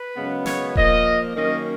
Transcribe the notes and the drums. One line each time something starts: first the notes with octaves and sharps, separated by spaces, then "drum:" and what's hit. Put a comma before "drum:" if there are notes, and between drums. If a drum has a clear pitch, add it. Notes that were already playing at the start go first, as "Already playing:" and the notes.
Already playing: B4
F#2 C#3 G#3 B3
C#5, drum: snare
A#2 F3 A#3 D#5, drum: kick D#1
F#2 D#3 A#3 C#4 D#5